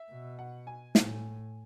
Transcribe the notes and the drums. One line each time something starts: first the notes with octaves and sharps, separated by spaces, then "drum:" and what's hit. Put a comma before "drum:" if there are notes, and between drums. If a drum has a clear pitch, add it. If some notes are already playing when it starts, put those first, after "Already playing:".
Already playing: E5
B2
F#5
G#5
A2, drum: snare